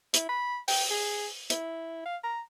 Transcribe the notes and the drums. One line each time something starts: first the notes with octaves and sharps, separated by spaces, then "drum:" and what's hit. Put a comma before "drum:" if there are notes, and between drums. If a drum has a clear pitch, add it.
E4, drum: hi-hat
B5
G5, drum: open hi-hat
G#4
E4, drum: hi-hat
F5
A#5